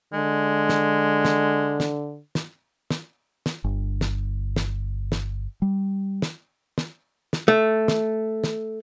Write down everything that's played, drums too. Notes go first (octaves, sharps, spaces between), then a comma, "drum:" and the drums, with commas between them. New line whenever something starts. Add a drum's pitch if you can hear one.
D3 G#3
drum: snare
drum: snare
drum: snare
drum: snare
drum: snare
drum: snare
G1
drum: snare
drum: snare
drum: snare
G3
drum: snare
drum: snare
drum: snare
A3
drum: snare
drum: snare